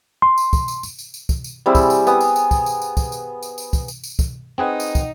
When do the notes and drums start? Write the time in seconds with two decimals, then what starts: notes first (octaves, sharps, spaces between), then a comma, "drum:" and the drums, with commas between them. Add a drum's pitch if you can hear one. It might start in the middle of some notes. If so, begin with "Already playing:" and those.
0.22 C6
0.38 drum: tambourine
0.53 drum: kick, tambourine
0.68 drum: tambourine
0.83 drum: tambourine
0.99 drum: tambourine
1.14 drum: tambourine
1.29 drum: kick, tambourine
1.44 drum: tambourine
1.66 G3 C4 E4 G#4
1.75 drum: kick, tambourine
1.90 drum: tambourine
2.07 B3 G#5 D#6, drum: tambourine
2.21 drum: tambourine
2.36 drum: tambourine
2.51 drum: kick, tambourine
2.66 drum: tambourine
2.82 drum: tambourine
2.97 drum: kick, tambourine
3.12 drum: tambourine
3.43 drum: tambourine
3.58 drum: tambourine
3.73 drum: kick, tambourine
3.88 drum: tambourine
4.04 drum: tambourine
4.19 drum: kick, tambourine
4.58 C4 D#4 G#4 B4 F#5 G5
4.80 drum: tambourine
4.95 drum: kick, tambourine